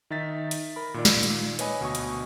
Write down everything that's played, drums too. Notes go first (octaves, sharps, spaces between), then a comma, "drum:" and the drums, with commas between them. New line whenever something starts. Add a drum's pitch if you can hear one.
D#3 D#4 E5 A6 B6
drum: hi-hat
A#4 B5
A#2 D#3 D5
drum: snare
drum: hi-hat
B4 C#5 D#5 G#5 B5, drum: hi-hat
D2 B2 D#5 G#5 C#6
drum: hi-hat